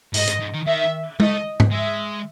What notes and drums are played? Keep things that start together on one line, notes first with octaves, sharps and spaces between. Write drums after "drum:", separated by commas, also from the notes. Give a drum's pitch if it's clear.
G#2 D#5, drum: open hi-hat
G#2, drum: hi-hat
G#2
D#3
D#3 E5
A3 D#5, drum: tom G#3
drum: tom G#2
G#3 E5